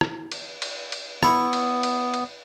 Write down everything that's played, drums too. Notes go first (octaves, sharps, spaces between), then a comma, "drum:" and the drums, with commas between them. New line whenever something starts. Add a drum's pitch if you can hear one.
drum: rim click
drum: cymbal
drum: cymbal
drum: cymbal
B3 E4 C#6, drum: rim click
drum: cymbal
drum: cymbal
drum: cymbal